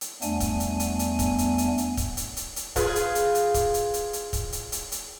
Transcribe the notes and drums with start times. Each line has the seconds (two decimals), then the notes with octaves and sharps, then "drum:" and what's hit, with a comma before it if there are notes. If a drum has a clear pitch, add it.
0.01 drum: hi-hat
0.22 E2 G3 A3 B3 D4 G#5, drum: hi-hat
0.40 drum: kick, hi-hat
0.60 drum: hi-hat
0.80 drum: hi-hat
0.99 drum: hi-hat
1.19 drum: kick, hi-hat
1.38 drum: hi-hat
1.58 drum: hi-hat
1.78 drum: hi-hat
1.97 drum: kick, hi-hat
2.17 drum: hi-hat
2.37 drum: hi-hat
2.56 drum: hi-hat
2.76 F4 G#4 B4, drum: kick, hi-hat
2.95 drum: hi-hat
3.15 drum: hi-hat
3.35 drum: hi-hat
3.54 drum: kick, hi-hat
3.74 drum: hi-hat
3.94 drum: hi-hat
4.13 drum: hi-hat
4.33 drum: kick, hi-hat
4.52 drum: hi-hat
4.72 drum: hi-hat
4.92 drum: hi-hat